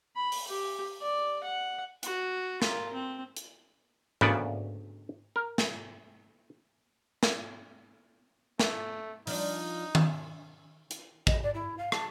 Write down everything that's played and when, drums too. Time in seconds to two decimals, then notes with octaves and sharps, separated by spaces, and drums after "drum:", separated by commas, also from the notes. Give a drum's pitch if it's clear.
0.16 B5
0.32 drum: open hi-hat
0.48 G4
1.01 D5
1.44 F#5
2.03 F#4, drum: hi-hat
2.62 F4 A#4, drum: snare
2.94 C4
3.37 drum: hi-hat
4.21 D2 C#3 A#3 B3 F#4 D5, drum: tom G#2
5.36 A#4
5.58 drum: snare
7.23 drum: snare
8.59 A3, drum: snare
9.27 F3 D4 D#4, drum: open hi-hat
9.95 drum: tom D#3
10.91 drum: hi-hat
11.27 D#5, drum: kick
11.43 D5
11.54 E4
11.78 F5
11.92 A5, drum: rim click